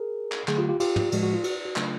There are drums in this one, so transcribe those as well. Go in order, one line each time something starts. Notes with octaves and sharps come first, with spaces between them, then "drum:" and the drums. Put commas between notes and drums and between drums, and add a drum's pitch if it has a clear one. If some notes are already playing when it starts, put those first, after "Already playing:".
Already playing: G#4 A#4
drum: clap
D3 F#3 A3 G#4, drum: clap
F4 G4
F4 G4
F4 G4, drum: cymbal
drum: tom
A2 F3 G#3 F#4, drum: cymbal
F#4
F4
F#4, drum: cymbal
F#4
C#3 F#3 A3 D4 F4, drum: clap